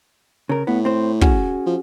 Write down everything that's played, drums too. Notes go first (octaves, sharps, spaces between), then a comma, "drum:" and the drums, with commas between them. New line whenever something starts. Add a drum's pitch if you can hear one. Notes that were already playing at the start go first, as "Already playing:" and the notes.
C#3 A#4
A2 B3
C4 C5
C#4 F#4 G#4, drum: kick
F3